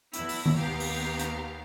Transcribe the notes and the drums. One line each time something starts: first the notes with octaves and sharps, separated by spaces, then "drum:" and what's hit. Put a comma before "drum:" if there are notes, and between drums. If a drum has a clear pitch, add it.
E2 E4, drum: hi-hat
drum: open hi-hat
drum: tom D#3
D#2 B3 G4 F5 A#5
drum: open hi-hat
drum: hi-hat